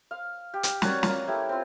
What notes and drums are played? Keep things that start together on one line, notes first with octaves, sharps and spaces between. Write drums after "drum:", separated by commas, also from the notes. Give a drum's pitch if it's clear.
F5
G4
drum: hi-hat
F#4 A#4 C#5 D5, drum: snare
A#3 C#4 F4, drum: snare
A3 E4 G4
C4 F4